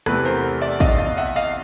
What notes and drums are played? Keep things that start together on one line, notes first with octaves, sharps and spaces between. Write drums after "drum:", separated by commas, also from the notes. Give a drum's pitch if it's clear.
E2 C3 E3 A3 B4, drum: rim click
A#4 C5
D5 E5
D#5 F5, drum: kick
D#5 F5
E5 F#5
D#5 F5